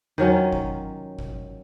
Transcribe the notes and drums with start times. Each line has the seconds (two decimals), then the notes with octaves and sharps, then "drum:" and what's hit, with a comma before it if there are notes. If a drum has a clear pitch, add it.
0.18 D#3 F#3 C#4 F4, drum: tom E2
0.53 drum: kick G1
1.19 drum: kick G1